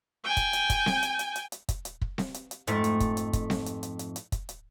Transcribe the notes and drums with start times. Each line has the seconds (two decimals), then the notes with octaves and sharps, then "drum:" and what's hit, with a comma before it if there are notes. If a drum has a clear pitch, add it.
0.24 G5 G#5
0.37 drum: kick, hi-hat
0.53 drum: hi-hat
0.70 drum: kick, hi-hat
0.86 drum: snare C4
1.03 drum: hi-hat
1.19 drum: hi-hat
1.36 drum: hi-hat
1.52 drum: hi-hat
1.69 drum: kick, hi-hat
1.85 drum: hi-hat
2.01 drum: kick
2.18 drum: snare C4
2.34 drum: hi-hat
2.51 drum: hi-hat
2.67 F2 G#2 A3, drum: hi-hat
2.84 drum: hi-hat
3.00 drum: kick, hi-hat
3.17 drum: hi-hat
3.33 drum: kick, hi-hat
3.50 drum: snare C4
3.66 drum: hi-hat
3.83 drum: hi-hat
3.99 drum: hi-hat
4.16 drum: hi-hat
4.32 drum: kick, hi-hat
4.49 drum: hi-hat